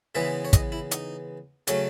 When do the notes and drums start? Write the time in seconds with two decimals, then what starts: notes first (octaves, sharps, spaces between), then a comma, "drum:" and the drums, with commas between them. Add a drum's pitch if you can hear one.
0.15 C#3 E3 G#3 B3 E5
0.45 C#5
0.53 D#5, drum: kick, hi-hat
0.72 E4
0.91 D#4, drum: hi-hat
1.67 C#3 F#3 A3 C#4, drum: hi-hat